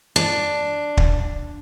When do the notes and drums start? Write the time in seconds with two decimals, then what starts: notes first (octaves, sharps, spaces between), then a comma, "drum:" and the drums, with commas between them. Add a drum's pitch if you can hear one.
0.16 D4
0.97 drum: kick